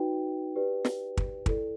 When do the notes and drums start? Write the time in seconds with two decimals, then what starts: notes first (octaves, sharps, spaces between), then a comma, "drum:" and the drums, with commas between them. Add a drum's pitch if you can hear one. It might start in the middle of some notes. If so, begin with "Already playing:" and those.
Already playing: D#4 F#4 B4 D5 G5
0.56 G4 B4 D5
0.85 drum: snare
1.17 drum: kick
1.46 E4 A4 D5, drum: kick